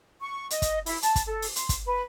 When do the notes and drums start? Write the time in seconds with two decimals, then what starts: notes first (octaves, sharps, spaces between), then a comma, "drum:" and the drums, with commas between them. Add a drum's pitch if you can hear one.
0.21 C#6
0.50 D#5, drum: hi-hat
0.62 drum: kick, hi-hat
0.86 E4, drum: open hi-hat
1.02 A5, drum: hi-hat
1.16 drum: kick, hi-hat
1.28 A4
1.42 drum: open hi-hat
1.56 C6, drum: hi-hat
1.69 drum: kick, hi-hat
1.85 B4